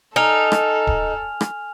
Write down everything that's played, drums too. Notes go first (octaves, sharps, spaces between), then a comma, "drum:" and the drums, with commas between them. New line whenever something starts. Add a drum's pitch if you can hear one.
D#4 A4 G#5 F6 F7
drum: rim click
drum: kick D1
drum: rim click